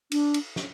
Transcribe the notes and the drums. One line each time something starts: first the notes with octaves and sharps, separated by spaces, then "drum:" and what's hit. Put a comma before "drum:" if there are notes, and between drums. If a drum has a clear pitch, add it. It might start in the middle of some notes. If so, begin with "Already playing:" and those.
D4, drum: cymbal
drum: cymbal
drum: snare